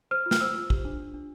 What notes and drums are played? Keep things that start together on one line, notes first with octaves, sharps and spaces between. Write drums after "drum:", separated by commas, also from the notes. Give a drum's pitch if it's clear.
C5 F6
F4
F6, drum: snare
C5 E6
F4
G4, drum: kick
D4
D4
D4